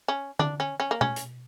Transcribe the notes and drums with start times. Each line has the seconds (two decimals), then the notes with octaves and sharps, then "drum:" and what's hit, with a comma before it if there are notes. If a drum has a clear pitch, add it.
0.08 C#4
0.39 D4, drum: tom D3
0.60 C#4
0.80 C#4
0.91 A#3
1.01 C#4, drum: tom B2
1.16 drum: hi-hat